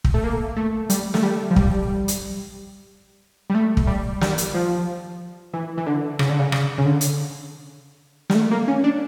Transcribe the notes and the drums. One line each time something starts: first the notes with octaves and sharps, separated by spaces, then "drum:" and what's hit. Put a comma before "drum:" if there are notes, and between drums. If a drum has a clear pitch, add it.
drum: kick
A3
A#3
A3
G3, drum: hi-hat
A3, drum: snare
G3
F3
G3, drum: kick
drum: hi-hat
G3
A3
drum: kick
G3
G3, drum: snare
drum: hi-hat
F3
E3
E3
D3
C#3, drum: rim click
D3
C#3
C#3, drum: rim click
C#3
D3
drum: hi-hat
G3, drum: snare
A3
A#3
C#4
D4